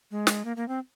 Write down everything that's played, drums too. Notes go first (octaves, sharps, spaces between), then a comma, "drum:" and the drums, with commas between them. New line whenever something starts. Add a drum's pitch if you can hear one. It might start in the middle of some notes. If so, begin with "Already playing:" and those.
G#3
drum: snare
A#3
A#3
C4